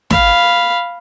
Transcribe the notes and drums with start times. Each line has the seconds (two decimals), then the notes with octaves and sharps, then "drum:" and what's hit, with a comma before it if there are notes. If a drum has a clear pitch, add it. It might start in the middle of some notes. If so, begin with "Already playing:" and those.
0.10 F5 B5, drum: snare